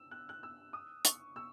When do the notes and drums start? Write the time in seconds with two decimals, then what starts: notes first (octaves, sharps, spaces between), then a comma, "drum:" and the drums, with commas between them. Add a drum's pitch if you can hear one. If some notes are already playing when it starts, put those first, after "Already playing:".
Already playing: E6
0.11 F#6
0.29 F#6
0.43 E6
0.73 D#6
1.05 C#6, drum: hi-hat
1.36 E6